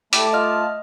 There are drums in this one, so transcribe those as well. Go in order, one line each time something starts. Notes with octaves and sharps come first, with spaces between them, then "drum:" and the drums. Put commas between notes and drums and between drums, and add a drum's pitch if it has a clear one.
A3 E4 G4 D5 A5 D6, drum: hi-hat
F4 D#5 F6